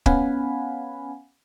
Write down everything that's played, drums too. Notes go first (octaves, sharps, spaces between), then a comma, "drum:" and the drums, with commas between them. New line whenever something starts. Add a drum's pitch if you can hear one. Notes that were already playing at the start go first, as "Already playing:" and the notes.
B3 C#4 F5 F#5 G#5 B5, drum: kick